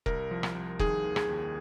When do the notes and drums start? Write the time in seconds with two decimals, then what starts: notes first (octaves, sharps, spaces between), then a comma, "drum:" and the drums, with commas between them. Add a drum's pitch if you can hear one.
0.06 C2 A#4, drum: kick
0.31 F3
0.43 drum: rim click
0.55 C2
0.79 D#3 G#4, drum: kick
1.04 D#2
1.16 G#4, drum: rim click
1.29 D#2